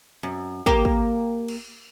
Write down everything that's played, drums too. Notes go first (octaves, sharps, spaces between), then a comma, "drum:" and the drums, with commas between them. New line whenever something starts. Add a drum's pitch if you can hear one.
F#2
A#3 G4, drum: kick
drum: kick
drum: cymbal